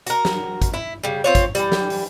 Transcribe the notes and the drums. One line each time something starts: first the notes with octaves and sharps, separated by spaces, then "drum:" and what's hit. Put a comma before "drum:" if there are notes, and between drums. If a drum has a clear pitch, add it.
F#4 A#4, drum: hi-hat
drum: snare
drum: kick, hi-hat
E4
C#3 G3
C4 F4 C#5
drum: kick, hi-hat
E3 G3, drum: hi-hat
drum: snare
drum: open hi-hat